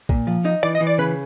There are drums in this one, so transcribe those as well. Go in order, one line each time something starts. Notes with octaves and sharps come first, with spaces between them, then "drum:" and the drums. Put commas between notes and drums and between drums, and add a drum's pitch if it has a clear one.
A#2, drum: kick A#1
F3
D#4
E3 D5
D#5
E3
D5
C#3 B4